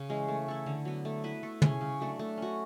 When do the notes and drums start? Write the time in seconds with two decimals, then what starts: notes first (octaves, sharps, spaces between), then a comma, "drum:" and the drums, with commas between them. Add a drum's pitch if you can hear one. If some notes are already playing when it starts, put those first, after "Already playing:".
Already playing: C#3
0.09 E3 G#3 C#4
0.28 A3
0.48 E4 A4 C#5
0.66 D3
0.85 F#3 B3
1.05 A3
1.24 E4 B4
1.43 A3
1.62 C#4 G#4, drum: tom
1.81 C#3
2.00 F#3 A3 D4
2.19 A3
2.37 C#4 F#4